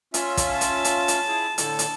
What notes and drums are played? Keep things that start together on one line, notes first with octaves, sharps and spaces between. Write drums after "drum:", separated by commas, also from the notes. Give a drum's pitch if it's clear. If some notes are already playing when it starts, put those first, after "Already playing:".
C#4 F4 E5, drum: hi-hat
drum: kick, hi-hat
A5
drum: hi-hat
drum: hi-hat
drum: hi-hat
E4 G#4
A2 D3 A4, drum: hi-hat
drum: hi-hat